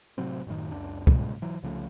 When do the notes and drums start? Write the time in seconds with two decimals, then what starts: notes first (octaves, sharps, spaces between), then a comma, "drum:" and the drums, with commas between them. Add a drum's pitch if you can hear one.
0.18 A2 C3 F#3 C4
0.47 F#2 A2 D#3
0.71 C#2 F#2 D4
1.07 G2 A#2 C#3 G#3, drum: kick
1.42 E3 F#3
1.63 C2 C#3 F3 A3